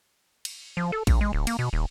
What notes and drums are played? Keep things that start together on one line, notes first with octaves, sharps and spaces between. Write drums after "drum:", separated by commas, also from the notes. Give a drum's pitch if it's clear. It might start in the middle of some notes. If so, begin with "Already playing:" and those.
drum: cymbal
F3
A4
A#1, drum: kick, cymbal
G#3
D1
A#3, drum: cymbal
B2
D#1